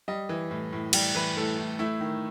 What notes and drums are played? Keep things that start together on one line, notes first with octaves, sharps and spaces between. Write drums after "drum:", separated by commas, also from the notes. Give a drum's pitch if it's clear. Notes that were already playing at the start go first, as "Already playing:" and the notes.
G3 D#5
E3
A2
A2
G3 G4, drum: cymbal
E3 B4
A2 A4
A2
A3 E4
D#3